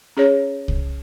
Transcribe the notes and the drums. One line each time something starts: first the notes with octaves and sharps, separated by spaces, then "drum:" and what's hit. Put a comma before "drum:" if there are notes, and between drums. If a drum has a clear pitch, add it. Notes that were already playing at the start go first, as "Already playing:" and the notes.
C#4 G#4 C#5
drum: kick C2